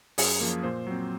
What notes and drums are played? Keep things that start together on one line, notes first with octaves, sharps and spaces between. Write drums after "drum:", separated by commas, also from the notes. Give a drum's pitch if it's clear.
F#2 G#4, drum: open hi-hat
F3 A#3
A#2 C5
F#3 C4